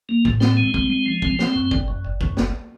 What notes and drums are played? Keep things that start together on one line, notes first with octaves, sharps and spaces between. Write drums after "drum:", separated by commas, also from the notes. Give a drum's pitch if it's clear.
A#3
A2, drum: kick
C4, drum: snare
G#3
C4, drum: kick
G#3
F3
C4, drum: kick
C4, drum: snare
F#2
G1, drum: kick
F#2
G1
F#2, drum: kick
G1, drum: snare